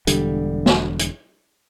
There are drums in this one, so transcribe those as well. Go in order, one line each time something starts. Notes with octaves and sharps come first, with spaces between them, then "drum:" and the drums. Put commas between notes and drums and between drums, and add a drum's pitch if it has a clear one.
E1 D3 G3, drum: hi-hat
drum: snare
drum: hi-hat